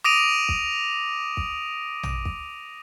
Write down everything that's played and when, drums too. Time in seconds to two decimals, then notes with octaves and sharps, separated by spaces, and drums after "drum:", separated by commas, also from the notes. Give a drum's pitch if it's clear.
0.04 D6 D#6 A#6 D7 D#7 F7
0.49 drum: kick
1.37 drum: kick
2.03 drum: tom A#1
2.25 drum: kick